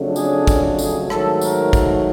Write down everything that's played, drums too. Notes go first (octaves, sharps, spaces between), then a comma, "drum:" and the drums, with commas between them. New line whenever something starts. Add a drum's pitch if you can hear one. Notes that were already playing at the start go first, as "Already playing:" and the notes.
Already playing: F2 C#3 F#3 A3 D4
G#4, drum: tambourine
drum: kick, tambourine
G#4, drum: tambourine
G#2 D#3 F#3 A3 A4, drum: rim click
A#4, drum: tambourine
drum: kick, tambourine